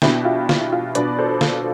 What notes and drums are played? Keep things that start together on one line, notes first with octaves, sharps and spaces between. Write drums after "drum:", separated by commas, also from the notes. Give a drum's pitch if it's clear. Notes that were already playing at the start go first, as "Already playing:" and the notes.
B2 B3 D4 E4 G4, drum: snare
F4
F4, drum: snare
F4
B2 B3 D4 B4 D5, drum: hi-hat
A4 C5
F4 A4, drum: snare